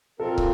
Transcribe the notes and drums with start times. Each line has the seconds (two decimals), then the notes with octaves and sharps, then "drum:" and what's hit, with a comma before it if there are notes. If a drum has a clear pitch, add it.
0.20 A#2 F3 C4 F4 A4 A#4
0.38 drum: kick